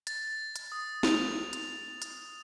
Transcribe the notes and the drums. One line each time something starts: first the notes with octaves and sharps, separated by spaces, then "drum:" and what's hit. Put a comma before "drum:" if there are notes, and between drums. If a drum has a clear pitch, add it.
A6, drum: hi-hat
drum: hi-hat
D#6
F7, drum: snare
drum: hi-hat
drum: hi-hat